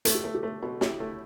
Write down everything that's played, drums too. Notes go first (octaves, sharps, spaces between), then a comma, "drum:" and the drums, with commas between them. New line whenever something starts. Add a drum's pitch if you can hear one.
A3 A4, drum: hi-hat
G4
A3 A4
G4
A3 A4
B2 A4
E4 G4, drum: snare
A3